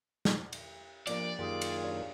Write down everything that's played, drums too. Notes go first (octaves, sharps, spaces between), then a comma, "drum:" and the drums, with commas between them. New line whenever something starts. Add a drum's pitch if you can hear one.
drum: snare
drum: cymbal
F3 A#3 D4 D5, drum: cymbal
F#2 D#3 A#3 F4 G4 G#4
drum: cymbal
D4 C#5